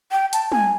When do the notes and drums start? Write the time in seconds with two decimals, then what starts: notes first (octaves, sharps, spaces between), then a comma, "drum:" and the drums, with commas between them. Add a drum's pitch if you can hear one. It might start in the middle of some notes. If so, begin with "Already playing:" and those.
0.12 G5
0.33 A5, drum: hi-hat
0.52 G#5, drum: tom